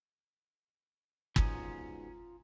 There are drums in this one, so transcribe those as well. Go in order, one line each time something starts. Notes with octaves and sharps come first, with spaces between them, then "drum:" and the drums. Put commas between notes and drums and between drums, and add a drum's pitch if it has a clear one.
G#2 B2 C#4 F4 A#5 D#6, drum: kick G1